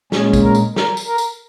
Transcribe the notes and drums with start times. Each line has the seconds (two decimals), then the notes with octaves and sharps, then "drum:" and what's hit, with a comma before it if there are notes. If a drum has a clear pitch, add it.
0.12 A#2 G#3 C#4 G#4, drum: snare
0.33 drum: kick, tambourine
0.43 A#4
0.55 drum: tambourine
0.76 A#4, drum: snare
0.97 drum: tambourine
1.07 A#4
1.18 drum: tambourine